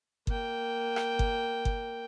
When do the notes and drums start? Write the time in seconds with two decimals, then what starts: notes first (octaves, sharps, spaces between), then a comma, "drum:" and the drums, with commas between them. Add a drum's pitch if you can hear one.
0.27 A#3 G5, drum: kick G1
0.96 drum: rim click
1.19 drum: kick G1
1.65 drum: kick G1